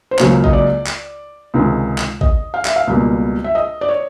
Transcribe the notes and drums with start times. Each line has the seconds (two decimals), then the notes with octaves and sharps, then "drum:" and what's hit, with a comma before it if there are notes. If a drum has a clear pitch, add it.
0.11 C5
0.19 C#2 C#3 F#3 A#3 C#5, drum: clap
0.44 D#5, drum: kick
0.53 D5
0.87 drum: clap
1.54 C#2 C3 D#3 G#3
1.98 drum: clap
2.21 D#5, drum: kick
2.54 F5
2.65 E5, drum: clap
2.76 F5
2.87 C#2 B2 G3 A#3
3.44 E5
3.55 D#5
3.81 D5
3.89 C#5